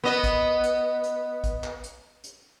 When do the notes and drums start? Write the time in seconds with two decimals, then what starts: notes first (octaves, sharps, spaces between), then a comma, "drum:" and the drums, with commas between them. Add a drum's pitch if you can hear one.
0.04 B3 D#5
0.24 drum: kick A1, hi-hat
0.64 drum: hi-hat
1.04 drum: hi-hat
1.44 drum: kick A1, hi-hat
1.64 drum: clap
1.84 drum: hi-hat
2.24 drum: hi-hat